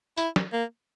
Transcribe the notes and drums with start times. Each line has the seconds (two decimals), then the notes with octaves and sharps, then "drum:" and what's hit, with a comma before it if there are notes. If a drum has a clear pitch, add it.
0.17 E4, drum: tambourine
0.36 drum: snare
0.53 A#3